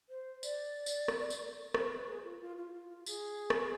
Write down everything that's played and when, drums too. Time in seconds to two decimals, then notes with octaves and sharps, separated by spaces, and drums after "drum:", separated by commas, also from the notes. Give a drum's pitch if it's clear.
0.09 C5
0.43 D5, drum: tambourine
0.86 drum: tambourine
1.08 drum: rim click
1.30 drum: tambourine
1.74 C5, drum: rim click
1.91 B4
2.08 G#4
2.24 F4
2.41 F4
2.57 F4
2.73 F4
2.89 F4
3.06 G#4, drum: tambourine
3.50 drum: rim click